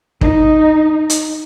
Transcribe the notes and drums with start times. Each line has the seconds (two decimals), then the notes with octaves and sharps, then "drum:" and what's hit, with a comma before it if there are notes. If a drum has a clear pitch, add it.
0.21 D#4, drum: kick
1.10 drum: hi-hat